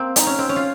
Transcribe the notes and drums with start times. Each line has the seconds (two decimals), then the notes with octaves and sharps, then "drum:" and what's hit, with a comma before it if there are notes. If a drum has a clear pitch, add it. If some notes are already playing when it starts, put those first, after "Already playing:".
Already playing: A#3 C4
0.16 D#4, drum: hi-hat
0.26 C#4
0.39 C4
0.49 C#4
0.56 F4